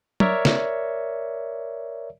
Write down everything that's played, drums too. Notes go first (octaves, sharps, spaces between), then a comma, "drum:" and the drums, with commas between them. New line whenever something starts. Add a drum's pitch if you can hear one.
A#4 C#5 D5 E5, drum: tom
drum: snare